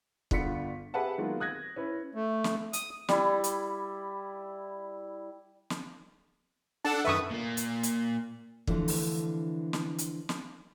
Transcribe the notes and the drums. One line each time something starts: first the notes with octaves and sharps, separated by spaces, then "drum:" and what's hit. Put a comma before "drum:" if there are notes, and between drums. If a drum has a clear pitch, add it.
G1 D3 B3 F4 B6 C#7, drum: kick
G4 G#4 B4 E5 F#5 A5
D#3 F#3 G#3 A#3 B3 F4
D#6 F#6 G#6 A#6
C#4 E4 B4
A3
drum: snare
D#6, drum: hi-hat
G3 E4, drum: snare
drum: hi-hat
drum: snare
D4 A4 F#5 A5
F#2 D#3 B4 E5 C#6 D#6
A#2 A#3
drum: hi-hat
drum: hi-hat
D3 E3 F3 A3 C4 D4, drum: kick
drum: open hi-hat
drum: snare
drum: hi-hat
drum: snare